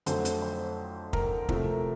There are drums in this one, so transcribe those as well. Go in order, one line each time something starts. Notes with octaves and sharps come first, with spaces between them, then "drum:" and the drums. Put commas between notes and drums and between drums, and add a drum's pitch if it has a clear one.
F2 D3 F#3 A3 C5, drum: hi-hat
drum: hi-hat
C5
A#4, drum: kick
C3 F3 A3, drum: kick